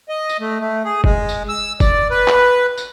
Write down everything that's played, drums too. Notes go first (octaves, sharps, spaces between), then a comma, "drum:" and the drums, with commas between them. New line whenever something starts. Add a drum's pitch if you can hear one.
D#5
drum: tambourine
A3
A3
G#4
G#3, drum: kick F#1
drum: tambourine
E6
D5, drum: kick F#1, tambourine
B4
drum: clap
drum: tambourine